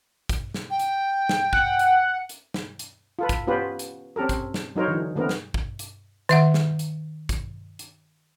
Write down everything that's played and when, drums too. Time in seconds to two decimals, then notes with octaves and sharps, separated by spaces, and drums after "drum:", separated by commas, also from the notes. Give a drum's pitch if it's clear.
0.29 drum: kick, hi-hat
0.54 drum: snare
0.70 G5
0.79 drum: hi-hat
1.29 drum: snare
1.53 F#5, drum: kick
1.79 drum: hi-hat
2.29 drum: hi-hat
2.54 drum: snare
2.79 drum: hi-hat
3.19 F4 A4 B4
3.29 drum: kick, hi-hat
3.47 B3 C#4 F4 G4 B4 C5
3.79 drum: hi-hat
4.16 C4 C#4 G4 A4 A#4
4.29 drum: kick, hi-hat
4.54 drum: snare
4.76 F#3 D#4 A#4 C5 C#5
4.88 D3 E3
5.16 D3 A3 B3 C4 A#4
5.29 drum: snare
5.54 drum: kick
5.79 drum: hi-hat
6.29 D#3 E5 F#5, drum: hi-hat
6.54 drum: snare
6.79 drum: hi-hat
7.29 drum: kick, hi-hat
7.79 drum: hi-hat